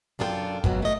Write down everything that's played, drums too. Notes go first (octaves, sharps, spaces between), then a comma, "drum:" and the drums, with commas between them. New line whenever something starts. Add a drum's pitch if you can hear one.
F#2 D4 F4 G#4 A4 G5
G#2 B2 F#3, drum: kick
A3 D#5